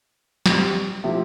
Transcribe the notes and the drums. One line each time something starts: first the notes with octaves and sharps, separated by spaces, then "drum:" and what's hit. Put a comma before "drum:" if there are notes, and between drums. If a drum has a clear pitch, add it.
G3 C4 G4, drum: snare
C3 F3 A3 E4 G4